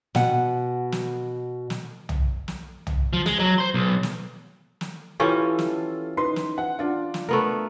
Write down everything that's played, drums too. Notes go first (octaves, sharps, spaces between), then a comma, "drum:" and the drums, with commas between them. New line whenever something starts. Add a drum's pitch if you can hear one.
B2 F#5, drum: snare
drum: snare
drum: snare
drum: tom
drum: snare
drum: tom
F3
G#3, drum: snare
F#3
C5 C6
B1
drum: snare
drum: snare
E3 C#4 F4 G4 A4
drum: snare
D#4 B4 C6
drum: snare
F#5
D4 F4
drum: snare
A3 B3 A#4